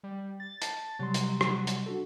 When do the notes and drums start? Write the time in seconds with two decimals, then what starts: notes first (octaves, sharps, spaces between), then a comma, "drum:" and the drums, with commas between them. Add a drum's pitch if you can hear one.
0.04 G3
0.40 A6
0.62 A5, drum: hi-hat
0.84 A6
0.99 C3 F#3 G3 C6
1.14 drum: hi-hat
1.41 drum: rim click
1.67 drum: hi-hat
1.86 D4 F#4 A4